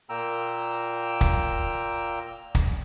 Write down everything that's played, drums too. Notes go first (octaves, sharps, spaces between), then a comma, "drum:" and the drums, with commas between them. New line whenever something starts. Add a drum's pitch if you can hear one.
A#2 A#3 G5 A#5 E6
drum: kick
drum: kick